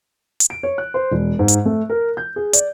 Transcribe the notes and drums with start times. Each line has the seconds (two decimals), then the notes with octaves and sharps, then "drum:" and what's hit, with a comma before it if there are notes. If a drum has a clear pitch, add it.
0.40 drum: hi-hat
0.50 D7
0.63 C#5
0.78 F#6
0.94 C5
1.11 E1
1.39 G#2
1.48 drum: hi-hat
1.66 A3
1.90 A#4
2.17 G6
2.36 G#4
2.53 D5, drum: hi-hat